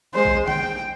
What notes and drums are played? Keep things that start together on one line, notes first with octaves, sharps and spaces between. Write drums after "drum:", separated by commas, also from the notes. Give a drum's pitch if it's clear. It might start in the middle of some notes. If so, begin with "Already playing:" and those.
G#3 C5
drum: kick A#1
G5, drum: tom D3